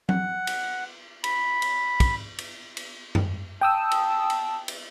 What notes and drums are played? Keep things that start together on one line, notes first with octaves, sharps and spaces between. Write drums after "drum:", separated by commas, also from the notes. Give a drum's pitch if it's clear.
F#5, drum: tom F#3
drum: cymbal
B5, drum: cymbal
drum: cymbal
drum: kick, cymbal
drum: cymbal
drum: cymbal
drum: tom F#2
G5 A5 D#6 E6
drum: cymbal
drum: cymbal
drum: cymbal